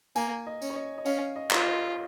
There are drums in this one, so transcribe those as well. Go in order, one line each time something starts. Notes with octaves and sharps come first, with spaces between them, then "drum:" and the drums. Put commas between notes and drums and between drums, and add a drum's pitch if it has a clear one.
A#3 G#5, drum: tambourine
D#5
C#4, drum: tambourine
C#5
D#5
D#5
C#4 F5, drum: tambourine
D#5
F4, drum: clap
D#5